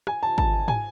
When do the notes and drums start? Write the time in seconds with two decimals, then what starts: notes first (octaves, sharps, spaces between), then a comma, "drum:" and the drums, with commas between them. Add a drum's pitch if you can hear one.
0.07 G#5, drum: rim click
0.23 A5
0.38 A5, drum: kick
0.68 G#5, drum: tom G#2